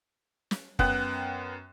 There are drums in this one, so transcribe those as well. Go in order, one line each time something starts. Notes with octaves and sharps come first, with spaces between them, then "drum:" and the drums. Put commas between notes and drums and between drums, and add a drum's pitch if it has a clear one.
drum: snare
F#2 B3 G5 F#6, drum: kick F#1